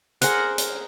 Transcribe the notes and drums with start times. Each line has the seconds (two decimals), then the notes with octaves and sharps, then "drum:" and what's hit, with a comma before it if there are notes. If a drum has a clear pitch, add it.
0.22 G#4 A#4 C5 F#5, drum: hi-hat
0.58 drum: hi-hat